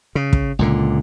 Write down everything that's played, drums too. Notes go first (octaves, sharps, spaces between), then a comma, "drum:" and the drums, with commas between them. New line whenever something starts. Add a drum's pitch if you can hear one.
C#3
drum: kick
C#2 A#2 D3